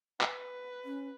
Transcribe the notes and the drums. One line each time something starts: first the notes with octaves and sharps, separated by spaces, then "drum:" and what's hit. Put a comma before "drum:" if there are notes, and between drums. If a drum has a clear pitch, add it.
B4, drum: clap
C#4